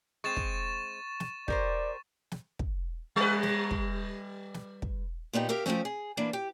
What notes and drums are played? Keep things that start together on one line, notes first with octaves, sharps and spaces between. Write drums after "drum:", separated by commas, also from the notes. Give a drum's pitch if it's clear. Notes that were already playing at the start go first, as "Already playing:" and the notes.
G#3 C4 C#6 A6 E7
drum: kick
drum: snare
G4 A#4 C5 D5, drum: kick
drum: snare
drum: kick
G3 B4
drum: snare
drum: kick
drum: snare
drum: kick
A#2 B3 D#4 G4
G4 A#4 E5 F5
F3 F#3 A3 C4 C#4, drum: snare
G#4
E3 A#3 D4 B4
G4